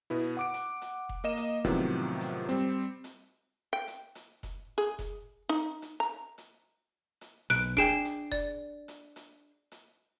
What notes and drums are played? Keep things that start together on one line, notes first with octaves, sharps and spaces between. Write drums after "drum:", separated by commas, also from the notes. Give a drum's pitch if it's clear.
B2 B3 E4
F#5 D6 D7
drum: hi-hat
drum: hi-hat
drum: kick F1
A#3 D#5 E7
drum: hi-hat
A2 C3 D#3 F3 F#3 B3, drum: kick F1, hi-hat
drum: hi-hat
G3 C4, drum: hi-hat
drum: hi-hat
G5
drum: hi-hat
drum: hi-hat
drum: kick F1, hi-hat
G#4
drum: kick F1, hi-hat
D#4
drum: hi-hat
A#5
drum: hi-hat
drum: hi-hat
B1 F#6 D7, drum: hi-hat
D4 G#4 G5 D7 E7, drum: kick F1, hi-hat
drum: hi-hat
D5, drum: kick F1, hi-hat
drum: hi-hat
drum: hi-hat
drum: hi-hat